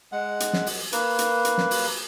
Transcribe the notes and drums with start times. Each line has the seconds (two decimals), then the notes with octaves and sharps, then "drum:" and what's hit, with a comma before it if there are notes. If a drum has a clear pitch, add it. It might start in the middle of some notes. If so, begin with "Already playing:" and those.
0.12 G#3 F#5
0.40 drum: hi-hat
0.53 drum: snare
0.66 drum: open hi-hat
0.92 A#3 B4, drum: hi-hat
1.19 drum: hi-hat
1.45 drum: hi-hat
1.58 drum: snare
1.71 drum: open hi-hat